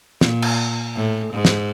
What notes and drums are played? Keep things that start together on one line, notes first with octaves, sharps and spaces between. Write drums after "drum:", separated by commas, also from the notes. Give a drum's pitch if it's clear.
A#2, drum: snare
drum: cymbal
A2
G#2
drum: snare